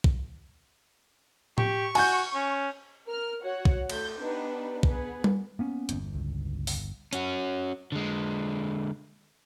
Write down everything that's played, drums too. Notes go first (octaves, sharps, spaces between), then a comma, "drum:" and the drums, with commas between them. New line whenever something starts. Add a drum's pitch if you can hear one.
drum: kick B1
G4 C#6, drum: tom A2
F#4 G#5 G6, drum: cymbal
C#4
A#4 F6
F#4 C#5 F#5
drum: kick B1
A3 G6, drum: cymbal
B3 D4 D#4 G4 B4
B3 G#4 B4, drum: kick B1
drum: tom G3
A#3 B3 C#4
G1 E2, drum: hi-hat
C#2
drum: open hi-hat
C#4 F#4, drum: hi-hat
D3 G#3